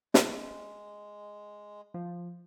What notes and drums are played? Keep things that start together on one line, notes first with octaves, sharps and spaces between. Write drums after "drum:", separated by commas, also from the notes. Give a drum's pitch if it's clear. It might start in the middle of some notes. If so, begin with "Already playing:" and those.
G#3, drum: snare
F3